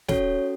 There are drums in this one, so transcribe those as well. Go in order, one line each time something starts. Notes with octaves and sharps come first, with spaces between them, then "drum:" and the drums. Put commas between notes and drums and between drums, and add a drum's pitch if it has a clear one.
C#4 F#4 A4 C#5, drum: snare